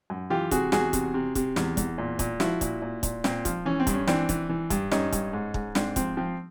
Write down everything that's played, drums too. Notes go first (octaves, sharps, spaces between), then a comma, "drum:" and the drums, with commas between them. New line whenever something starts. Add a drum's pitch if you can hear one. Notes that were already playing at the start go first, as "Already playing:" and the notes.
F#2
E3 F4 G4
C3 F#4 G#4, drum: kick, hi-hat
E2 F#4 G#4, drum: snare
C3, drum: kick, hi-hat
C3
C3, drum: kick, hi-hat
E2, drum: snare
E2, drum: kick, hi-hat
A#2
A#2, drum: kick, hi-hat
F3 E4 F#4, drum: snare
A#2, drum: kick, hi-hat
A#2
A#2, drum: kick, hi-hat
A#2 C4, drum: snare
F3, drum: kick, hi-hat
E3 C#4
C4
G2, drum: kick, hi-hat
C#4
E3 C4 D4, drum: snare
E3, drum: kick, hi-hat
E3
G2, drum: kick, hi-hat
G2 C#4 D#4, drum: snare
G2, drum: kick, hi-hat
G#2
G#2, drum: kick
G#2 C4 D4, drum: snare
F3 C4, drum: kick, hi-hat
F3 C4